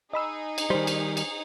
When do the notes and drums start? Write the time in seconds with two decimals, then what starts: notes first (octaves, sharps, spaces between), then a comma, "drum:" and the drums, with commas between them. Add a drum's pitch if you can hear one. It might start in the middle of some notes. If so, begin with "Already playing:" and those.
0.13 D#4 G#4 D#5 B5 E6
0.58 drum: cymbal
0.70 D#3 G3 C5
0.87 drum: cymbal
1.17 drum: cymbal